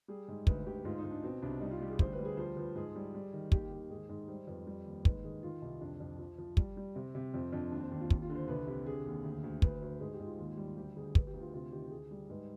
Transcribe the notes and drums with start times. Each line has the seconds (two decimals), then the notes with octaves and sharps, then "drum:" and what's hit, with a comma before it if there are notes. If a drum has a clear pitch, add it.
0.08 G3 G#4
0.28 G#2
0.47 D2 B4, drum: kick
0.66 D2 G4
0.85 G#2 F4
0.98 D#4
1.04 G#2
1.11 D4
1.24 B2 C4
1.42 C2 D4
1.61 G3 D#4
1.71 F4
1.81 G3 G4
1.90 G#4
1.99 D2 C5, drum: kick
2.13 B4
2.18 G3
2.25 G#4
2.37 F3 C5
2.57 F3 B4
2.76 G#2 G#4
2.95 G3
3.14 G3
3.33 D#3
3.52 D#2 G4, drum: kick
3.71 D#3 G4
3.90 G#2 G#4
4.09 G#2
4.28 G3 C5
4.47 F2 B4
4.67 G3
4.85 D#2
5.05 G#2 B4, drum: kick
5.24 D#3 G#4
5.43 D#3 F4
5.62 C2 D#4
5.81 F2 D4
6.00 F2
6.19 F3
6.38 F3
6.57 G3, drum: kick
6.77 G3
6.95 C3 C4
7.15 C3
7.34 F2 C4
7.52 F2 D4
7.71 D#2 D4
7.81 C4
7.91 D#2 D4
8.01 F4
8.10 D#2, drum: kick
8.22 F4
8.30 D3
8.35 C5
8.48 C2 B4
8.67 C3
8.86 D3 G#4
9.05 D#2
9.24 D2
9.43 D2
9.62 D2 B4, drum: kick
9.82 D2
10.00 G#2 G#4
10.14 G4
10.19 G#2
10.26 F4
10.38 D#2
10.57 G3
10.77 D2 G4
10.96 D2 G#4
11.15 D2 B4, drum: kick
11.27 G4
11.34 D2
11.40 F4
11.54 C3 F4
11.72 D#3 G4
11.91 D2 G#4
12.11 G3
12.29 G#2 B4